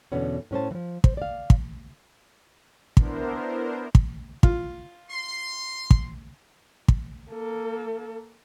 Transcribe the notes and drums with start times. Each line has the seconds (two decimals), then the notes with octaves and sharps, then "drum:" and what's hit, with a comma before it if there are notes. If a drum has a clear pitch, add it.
0.12 E2 B2 D3 B3 C#4
0.51 A2 C#4 C5 A5
0.71 E3 F3
1.04 C5, drum: kick
1.17 D5 F5
1.50 drum: kick
2.97 B3 D4 E4 A#4 C5, drum: kick
3.95 drum: kick
4.43 F4, drum: kick
5.10 C6
5.90 drum: kick
6.88 drum: kick
7.31 A#3 A4